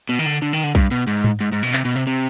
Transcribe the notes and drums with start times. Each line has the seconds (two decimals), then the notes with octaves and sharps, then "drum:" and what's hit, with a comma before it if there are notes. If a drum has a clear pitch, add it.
0.09 B2
0.19 D#3
0.26 D3
0.42 D3
0.53 D#3
0.64 D3
0.75 G2, drum: kick B1
0.91 B2
1.07 G#2
1.24 drum: tom G#2
1.41 G#2
1.52 G#2
1.63 B2
1.73 C3, drum: clap
1.85 B2
1.96 C3
2.07 C3